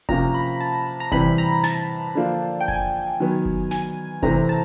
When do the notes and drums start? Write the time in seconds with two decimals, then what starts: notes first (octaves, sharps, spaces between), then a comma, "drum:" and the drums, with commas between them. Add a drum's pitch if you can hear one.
0.09 C3 F3 A#3 C#4 A#5, drum: kick F#1
0.34 B5
0.60 A5
1.00 A#5
1.12 C3 E3 G3 C4 B5, drum: kick F#1
1.38 A#5
1.64 A5, drum: snare
2.15 D3 F3 A#3 D4 F4
2.61 G5
2.68 G#5, drum: kick F#1
3.20 D#3 F#3 B3
3.45 drum: kick F#1
3.71 G#5, drum: snare
4.22 C3 E3 A3 C4 A#5, drum: kick F#1
4.49 A5